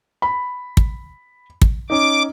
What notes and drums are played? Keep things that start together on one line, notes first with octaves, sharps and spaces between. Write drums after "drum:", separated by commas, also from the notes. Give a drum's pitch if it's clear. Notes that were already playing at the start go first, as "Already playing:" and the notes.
B5
drum: kick
drum: kick
C#4 D#4 D6